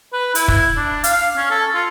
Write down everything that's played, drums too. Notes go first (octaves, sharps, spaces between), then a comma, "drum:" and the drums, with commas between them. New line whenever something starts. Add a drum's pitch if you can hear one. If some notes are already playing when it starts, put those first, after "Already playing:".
B4
E4, drum: hi-hat
drum: kick
D4
F5, drum: hi-hat
C#4
A4
F4